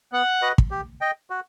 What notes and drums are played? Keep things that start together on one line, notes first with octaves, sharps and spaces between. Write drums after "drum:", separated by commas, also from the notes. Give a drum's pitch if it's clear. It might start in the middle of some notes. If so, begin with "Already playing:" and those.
B3 F#5
F#4 B4 D#5
drum: kick
G4
D#5 G5
F#4